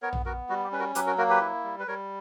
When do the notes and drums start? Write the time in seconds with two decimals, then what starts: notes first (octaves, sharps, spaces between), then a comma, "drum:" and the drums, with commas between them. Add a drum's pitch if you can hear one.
0.02 B3 A#4 C#5
0.13 drum: tom A#1
0.25 B3 F#4 A#4
0.49 G3 F#4
0.64 G4
0.72 C#4 B4
0.79 F#4 A#4
0.95 F#3 G4 B4, drum: hi-hat
1.07 F#4 A#4
1.18 A#3 F#4 A#4
1.29 G4 B4
1.41 E4
1.64 G3
1.80 B4
1.87 G3 A#4 C#5